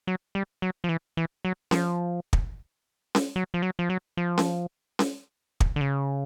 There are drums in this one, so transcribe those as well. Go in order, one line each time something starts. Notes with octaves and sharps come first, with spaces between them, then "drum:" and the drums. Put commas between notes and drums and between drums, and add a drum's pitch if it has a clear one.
F#3
G3
F#3
F3
E3
E3
F#3
F3, drum: snare C#4
drum: kick
drum: snare C#4
F#3
F3
F#3
F3
F#3
F3
drum: snare C#4
drum: snare C#4
drum: kick
D3
C#3